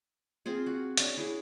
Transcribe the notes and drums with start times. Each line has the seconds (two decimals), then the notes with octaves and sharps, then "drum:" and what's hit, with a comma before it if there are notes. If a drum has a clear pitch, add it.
0.46 C4 F4 G#4
0.66 F#4
0.97 C#4 D4, drum: hi-hat
1.17 E4 G#4